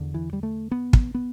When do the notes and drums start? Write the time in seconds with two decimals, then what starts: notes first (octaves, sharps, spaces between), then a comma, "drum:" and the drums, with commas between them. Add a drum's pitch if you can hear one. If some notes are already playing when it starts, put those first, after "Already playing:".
Already playing: E2 D3
0.14 E3
0.33 G3
0.43 A3
0.71 B3
0.93 drum: kick
1.15 B3